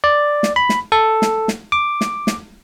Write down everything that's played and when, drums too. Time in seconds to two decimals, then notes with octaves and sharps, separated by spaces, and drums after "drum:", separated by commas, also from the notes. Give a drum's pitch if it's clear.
0.04 D5
0.43 drum: snare
0.56 B5
0.69 drum: snare
0.92 A4
1.22 drum: snare
1.48 drum: snare
1.72 D6
2.01 drum: snare
2.27 drum: snare